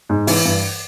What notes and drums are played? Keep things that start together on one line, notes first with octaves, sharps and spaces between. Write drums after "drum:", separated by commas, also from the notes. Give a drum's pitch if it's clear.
G#2
E3, drum: open hi-hat
G2